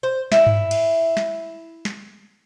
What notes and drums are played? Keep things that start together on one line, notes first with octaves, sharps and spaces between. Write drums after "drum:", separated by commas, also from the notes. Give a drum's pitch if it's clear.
C5
E4, drum: snare
drum: tom G2
drum: cymbal
drum: snare
drum: snare